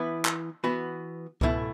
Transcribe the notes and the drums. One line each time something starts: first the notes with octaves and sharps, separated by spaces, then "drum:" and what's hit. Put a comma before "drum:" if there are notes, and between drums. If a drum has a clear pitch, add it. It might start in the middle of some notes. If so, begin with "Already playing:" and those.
Already playing: E3 B3 E4 B4
drum: clap
E3 B3 F#4 B4
B1 B2 A3 E4, drum: kick C#2